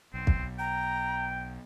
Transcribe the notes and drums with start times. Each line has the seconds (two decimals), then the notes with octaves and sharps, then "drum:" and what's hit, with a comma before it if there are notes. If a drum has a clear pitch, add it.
0.14 B1 C4
0.27 drum: kick
0.59 G5 A#5